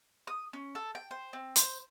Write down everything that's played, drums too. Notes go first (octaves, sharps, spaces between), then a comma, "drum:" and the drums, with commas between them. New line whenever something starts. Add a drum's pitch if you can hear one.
D#6
C#4
A4
G5
C5
C4
C5, drum: hi-hat